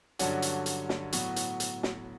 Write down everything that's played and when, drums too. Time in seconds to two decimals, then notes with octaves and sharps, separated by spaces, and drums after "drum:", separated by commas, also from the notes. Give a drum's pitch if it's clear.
0.19 G2 D3 F#3 C#4 F#4, drum: hi-hat
0.42 drum: hi-hat
0.66 drum: hi-hat
0.89 drum: snare
1.13 A2 F#3 B3 F#4, drum: hi-hat
1.36 drum: hi-hat
1.60 drum: hi-hat
1.83 drum: snare